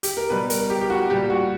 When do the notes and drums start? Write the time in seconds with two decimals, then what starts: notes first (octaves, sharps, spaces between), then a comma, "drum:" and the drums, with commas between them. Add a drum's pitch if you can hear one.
0.03 G4, drum: hi-hat
0.17 A#4
0.30 B2 G3 B4
0.50 A#4, drum: hi-hat
0.70 G4
0.81 G4
0.90 F#4
1.10 A#2 G3 G4
1.30 F#4